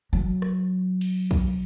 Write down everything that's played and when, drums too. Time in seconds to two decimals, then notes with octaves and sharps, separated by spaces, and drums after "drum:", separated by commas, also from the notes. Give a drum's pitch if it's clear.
0.13 F#3
0.42 drum: rim click
1.01 drum: cymbal
1.31 drum: kick